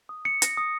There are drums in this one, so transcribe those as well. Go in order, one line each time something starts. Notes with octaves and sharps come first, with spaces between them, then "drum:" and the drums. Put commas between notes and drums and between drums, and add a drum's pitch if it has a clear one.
D#6
C#7
A#6, drum: hi-hat
D#6